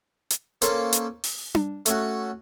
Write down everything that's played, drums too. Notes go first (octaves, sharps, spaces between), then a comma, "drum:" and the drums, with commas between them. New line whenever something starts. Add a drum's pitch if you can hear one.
drum: hi-hat
A#3 C#4 A4 C5, drum: hi-hat
drum: hi-hat
drum: open hi-hat
drum: tom D4
A3 C#4 F#4, drum: hi-hat